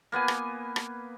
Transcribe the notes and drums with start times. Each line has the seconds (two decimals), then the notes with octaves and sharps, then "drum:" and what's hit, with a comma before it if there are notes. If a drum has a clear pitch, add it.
0.12 A#3 B3 B4 G#5
0.28 drum: rim click
0.76 drum: rim click